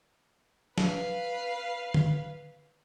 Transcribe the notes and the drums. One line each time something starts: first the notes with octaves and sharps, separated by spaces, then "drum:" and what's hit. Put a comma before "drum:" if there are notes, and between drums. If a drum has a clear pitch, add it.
B4 F5, drum: snare
drum: tom D3